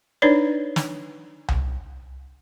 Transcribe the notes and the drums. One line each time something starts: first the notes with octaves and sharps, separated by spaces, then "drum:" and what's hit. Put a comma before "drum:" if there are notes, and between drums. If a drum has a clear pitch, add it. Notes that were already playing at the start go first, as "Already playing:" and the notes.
D4 D#4 B4 C#5 D5
drum: snare
drum: tom C2